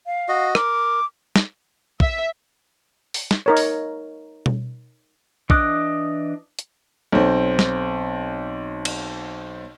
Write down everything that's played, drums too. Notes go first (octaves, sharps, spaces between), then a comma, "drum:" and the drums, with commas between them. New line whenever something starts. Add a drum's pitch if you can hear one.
F5
F#4 D#5
A#4 D6, drum: rim click
drum: snare
E5, drum: kick
drum: open hi-hat
drum: snare
D#4 A#4 C#5
drum: open hi-hat
drum: tom B2
E3 D4 D#5 D6 F#6, drum: kick
drum: hi-hat
B1 C4
drum: snare
drum: cymbal